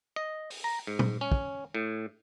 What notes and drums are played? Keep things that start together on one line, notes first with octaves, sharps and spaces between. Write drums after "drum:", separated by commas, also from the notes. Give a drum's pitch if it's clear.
D#5
drum: open hi-hat
A#5
G#2
drum: tom A#2
C#4
drum: kick
A2